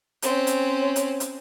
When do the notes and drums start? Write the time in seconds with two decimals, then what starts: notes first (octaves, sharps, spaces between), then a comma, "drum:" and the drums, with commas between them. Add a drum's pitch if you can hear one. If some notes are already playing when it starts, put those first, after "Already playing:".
0.22 C4 C#4, drum: hi-hat
0.47 drum: hi-hat
0.96 drum: hi-hat
1.20 drum: hi-hat